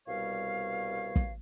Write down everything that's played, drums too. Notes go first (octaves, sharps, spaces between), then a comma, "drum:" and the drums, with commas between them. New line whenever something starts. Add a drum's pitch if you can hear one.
C2 B2 G3 C#5 F5
drum: kick